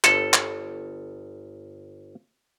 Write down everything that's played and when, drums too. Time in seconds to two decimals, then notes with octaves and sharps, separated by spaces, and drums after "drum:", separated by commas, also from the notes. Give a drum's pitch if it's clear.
0.04 G1 A4, drum: clap
0.33 drum: clap